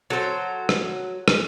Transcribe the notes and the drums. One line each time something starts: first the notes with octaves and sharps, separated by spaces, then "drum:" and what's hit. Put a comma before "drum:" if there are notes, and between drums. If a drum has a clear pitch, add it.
F#3 A4 C5
drum: rim click
drum: rim click